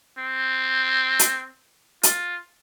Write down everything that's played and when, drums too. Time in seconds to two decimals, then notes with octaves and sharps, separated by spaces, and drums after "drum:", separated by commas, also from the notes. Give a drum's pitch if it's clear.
0.18 C4
1.19 drum: hi-hat
2.03 F4, drum: hi-hat